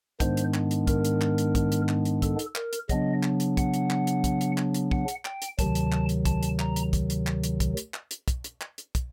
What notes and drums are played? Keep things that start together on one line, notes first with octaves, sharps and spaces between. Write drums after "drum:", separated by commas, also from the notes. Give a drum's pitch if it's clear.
G#2 D#3 G#3 B3 D4 C5, drum: kick, hi-hat
drum: hi-hat
drum: clap
drum: hi-hat
A#4, drum: kick, hi-hat
drum: hi-hat
drum: clap
drum: hi-hat
drum: kick, hi-hat
drum: hi-hat
drum: clap
drum: hi-hat
A4, drum: kick, hi-hat
drum: hi-hat
A#4, drum: clap
drum: hi-hat
C#3 F#3 B3 D4 D#5, drum: kick, hi-hat
drum: clap
drum: hi-hat
F#5, drum: kick, hi-hat
drum: hi-hat
drum: clap
drum: hi-hat
drum: kick, hi-hat
drum: hi-hat
drum: clap
drum: hi-hat
F#5, drum: kick
drum: hi-hat
G5, drum: clap
drum: hi-hat
D2 C3 D#3 F#3 A5, drum: kick, hi-hat
drum: hi-hat
drum: clap
drum: hi-hat
A5, drum: kick, hi-hat
drum: hi-hat
A#5, drum: clap
drum: hi-hat
drum: kick, hi-hat
drum: hi-hat
drum: clap
drum: hi-hat
drum: kick, hi-hat
drum: hi-hat
drum: clap
drum: hi-hat
drum: kick, hi-hat
drum: hi-hat
drum: clap
drum: hi-hat
drum: kick, hi-hat